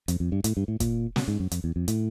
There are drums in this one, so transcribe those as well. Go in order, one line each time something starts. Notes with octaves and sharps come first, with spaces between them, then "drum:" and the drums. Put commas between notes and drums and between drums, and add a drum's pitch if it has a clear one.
F2, drum: hi-hat
F2
G2
A2, drum: hi-hat
G2
A2
A#2, drum: kick, hi-hat
B2, drum: snare
G#2
F#2
F2, drum: hi-hat
E2
F2
A2, drum: hi-hat